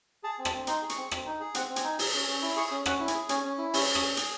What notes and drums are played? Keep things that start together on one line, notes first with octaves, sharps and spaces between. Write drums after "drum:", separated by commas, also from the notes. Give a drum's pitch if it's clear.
G#4 A5
C4
A5, drum: rim click
C4
D#4 C6, drum: hi-hat
G#4
C#6, drum: hi-hat
C4
C4, drum: rim click
D#4
G#4
C4 F#5, drum: hi-hat
C4
G#5, drum: hi-hat
D#4
G#4, drum: open hi-hat
C#4
C#4
E4
G#4 C#6
C#4 D#6
C#4 F#5, drum: rim click
E4
G#5, drum: hi-hat
G#4
C#4 G#5, drum: hi-hat
C#4
E4
C#4 G#5, drum: open hi-hat
C#4
D#6, drum: rim click
G#4
G#4, drum: hi-hat